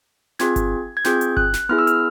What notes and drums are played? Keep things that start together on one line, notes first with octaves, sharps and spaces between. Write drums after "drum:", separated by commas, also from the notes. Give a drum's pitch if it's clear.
C4 F4 G#4 G#6, drum: snare
drum: kick G1, hi-hat
G#6
C4 F4 G#4 G6, drum: snare
drum: hi-hat
F#6, drum: kick G1
drum: snare
B3 E4 G#4 F6
E6
F6, drum: hi-hat